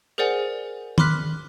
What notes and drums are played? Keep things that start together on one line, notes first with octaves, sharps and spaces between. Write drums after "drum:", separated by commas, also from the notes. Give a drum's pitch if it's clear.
G#4 A#4 C5 D5 F#5 G#5
B5 C6 D6 F6 F#6 B6, drum: tom D#3